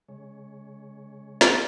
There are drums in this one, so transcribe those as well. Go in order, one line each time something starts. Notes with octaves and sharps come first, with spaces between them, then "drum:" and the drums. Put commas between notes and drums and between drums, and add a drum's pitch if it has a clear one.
C#3 G#3 C#5
drum: snare